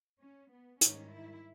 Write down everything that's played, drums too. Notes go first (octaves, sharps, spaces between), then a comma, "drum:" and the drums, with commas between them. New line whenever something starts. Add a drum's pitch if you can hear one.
C#4
B3
G#2 D#3 G3 C#4, drum: hi-hat
E4